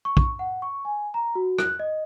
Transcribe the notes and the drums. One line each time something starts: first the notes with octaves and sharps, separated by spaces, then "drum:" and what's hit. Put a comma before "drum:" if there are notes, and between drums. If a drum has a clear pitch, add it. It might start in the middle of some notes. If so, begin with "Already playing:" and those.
C#6
drum: kick
F#5
C#6
G#5
A#5
F#4
F#6, drum: rim click
D#5